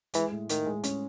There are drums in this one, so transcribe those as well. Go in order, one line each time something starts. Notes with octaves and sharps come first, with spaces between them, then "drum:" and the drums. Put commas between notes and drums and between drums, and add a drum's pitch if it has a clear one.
E3 G#3, drum: hi-hat
A2
A2 D#3, drum: hi-hat
G#3
C#4, drum: hi-hat